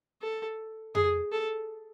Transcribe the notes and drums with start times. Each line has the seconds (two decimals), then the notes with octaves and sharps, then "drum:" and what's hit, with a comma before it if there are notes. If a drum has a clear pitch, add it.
0.21 A4
0.95 G#4, drum: tom F2
1.32 A4